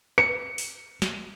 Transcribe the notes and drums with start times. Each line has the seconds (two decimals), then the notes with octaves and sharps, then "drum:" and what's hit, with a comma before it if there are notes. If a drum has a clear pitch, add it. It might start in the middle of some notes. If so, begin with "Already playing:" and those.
0.18 C#7, drum: rim click
0.58 drum: open hi-hat
1.02 drum: snare